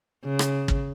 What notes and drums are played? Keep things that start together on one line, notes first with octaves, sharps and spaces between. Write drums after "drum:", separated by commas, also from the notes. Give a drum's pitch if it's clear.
C#3
drum: rim click
drum: kick